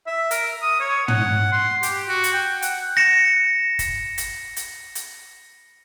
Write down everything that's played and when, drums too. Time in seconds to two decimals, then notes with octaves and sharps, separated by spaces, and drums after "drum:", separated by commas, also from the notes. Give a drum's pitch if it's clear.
0.07 E5
0.31 A#4, drum: hi-hat
0.62 D#6
0.80 C#5
1.08 F#5, drum: tom
1.52 C6
1.83 G4, drum: hi-hat
2.08 F#4
2.24 drum: hi-hat
2.33 G5
2.62 F#5, drum: hi-hat
2.97 A#6 C#7 E7
3.79 drum: kick F#1, hi-hat
4.18 drum: hi-hat
4.56 drum: hi-hat
4.95 drum: hi-hat